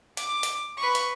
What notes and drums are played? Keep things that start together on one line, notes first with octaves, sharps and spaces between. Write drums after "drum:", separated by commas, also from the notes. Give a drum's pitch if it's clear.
D6, drum: hi-hat
drum: hi-hat
B4 C#6
drum: hi-hat